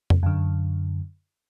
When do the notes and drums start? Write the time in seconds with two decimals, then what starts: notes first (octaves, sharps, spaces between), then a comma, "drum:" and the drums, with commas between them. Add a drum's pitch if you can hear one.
0.10 drum: tom F2
0.23 F#2 D3